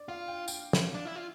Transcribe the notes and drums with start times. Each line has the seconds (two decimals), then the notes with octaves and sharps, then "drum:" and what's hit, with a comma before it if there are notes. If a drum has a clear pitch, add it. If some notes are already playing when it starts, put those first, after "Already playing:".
Already playing: D5
0.08 F4 F5
0.28 G5
0.48 G5, drum: tambourine
0.73 drum: snare
0.94 D4
1.05 E4
1.16 F4